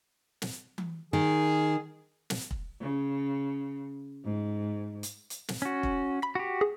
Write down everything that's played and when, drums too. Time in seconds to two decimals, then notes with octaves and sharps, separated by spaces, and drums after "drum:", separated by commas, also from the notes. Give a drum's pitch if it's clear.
0.42 drum: snare
0.78 drum: tom E3
1.13 D#3 G#4
2.30 drum: snare
2.51 drum: kick
2.81 C#3
4.24 G#2
5.03 drum: hi-hat
5.30 drum: hi-hat
5.48 drum: snare
5.62 C#4 F#4
5.83 drum: kick
6.22 B5 B6
6.35 F#4 G4
6.61 G#4